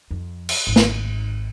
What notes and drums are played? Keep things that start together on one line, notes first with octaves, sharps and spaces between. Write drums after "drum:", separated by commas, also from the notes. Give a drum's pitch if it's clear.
F2
drum: cymbal
G#1 G#2
drum: snare